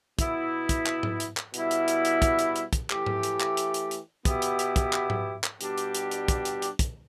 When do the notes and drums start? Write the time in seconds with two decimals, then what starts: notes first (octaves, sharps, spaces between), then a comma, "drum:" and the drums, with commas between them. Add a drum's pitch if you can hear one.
0.19 B2 B3 E4, drum: kick, hi-hat
0.69 drum: kick, hi-hat
0.86 drum: clap
1.03 drum: tom G#2
1.20 drum: hi-hat
1.37 drum: clap
1.54 B2 G3 E4, drum: hi-hat
1.71 drum: hi-hat
1.88 drum: hi-hat
2.05 drum: hi-hat
2.22 drum: kick, hi-hat
2.39 drum: hi-hat
2.56 drum: hi-hat
2.73 drum: kick, hi-hat
2.90 E3 A3 G4, drum: clap
3.06 drum: tom G#2
3.23 drum: hi-hat
3.40 drum: clap
3.57 drum: hi-hat
3.74 drum: hi-hat
3.91 drum: hi-hat
4.25 B2 B3 E4 G4, drum: kick, hi-hat
4.42 drum: hi-hat
4.59 drum: hi-hat
4.76 drum: kick, hi-hat
4.93 drum: clap
5.10 drum: tom G#2
5.44 drum: clap
5.61 B2 G3 D4 G4, drum: hi-hat
5.78 drum: hi-hat
5.95 drum: hi-hat
6.11 drum: hi-hat
6.28 drum: kick, hi-hat
6.45 drum: hi-hat
6.62 drum: hi-hat
6.79 drum: kick, hi-hat